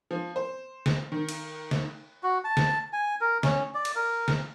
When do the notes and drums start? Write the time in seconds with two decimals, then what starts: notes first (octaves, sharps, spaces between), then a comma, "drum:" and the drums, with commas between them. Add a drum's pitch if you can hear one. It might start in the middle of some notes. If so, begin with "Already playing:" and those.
0.11 F3
0.36 C5
0.86 drum: snare
1.12 D#3
1.29 drum: cymbal
1.71 drum: snare
2.23 F#4
2.45 A5
2.57 drum: snare
2.93 G#5
3.21 A#4
3.43 C#4, drum: snare
3.74 D5
3.85 drum: cymbal
3.96 A#4
4.28 drum: snare